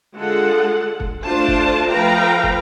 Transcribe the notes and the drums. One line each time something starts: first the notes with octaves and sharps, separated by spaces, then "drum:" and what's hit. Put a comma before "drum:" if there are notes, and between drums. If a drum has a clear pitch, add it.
D3 G#3 F4 A4 F#5
drum: kick
A3 D4 F4 C5 A5
drum: kick
F3 A3 B4 F5 G5 A#5
drum: kick